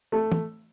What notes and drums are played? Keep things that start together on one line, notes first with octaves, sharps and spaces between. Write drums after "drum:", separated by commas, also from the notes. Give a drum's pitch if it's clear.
A3
drum: tom